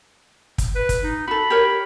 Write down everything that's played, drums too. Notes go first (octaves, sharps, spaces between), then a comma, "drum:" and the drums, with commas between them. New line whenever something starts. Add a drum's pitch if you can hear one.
drum: kick, hi-hat
B4
drum: kick, hi-hat
D#4
F#4 A4 B5
G4 A#4 C#5